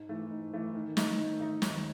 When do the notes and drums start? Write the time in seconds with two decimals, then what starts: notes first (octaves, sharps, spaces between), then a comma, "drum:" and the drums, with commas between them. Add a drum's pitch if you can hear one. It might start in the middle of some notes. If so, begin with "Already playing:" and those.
Already playing: G#2
0.09 E3 A3
0.30 G#2
0.53 E3 A3
0.75 D#3
0.97 A3 D#4, drum: snare
1.18 D#3
1.40 A3 D#4
1.62 D#2, drum: snare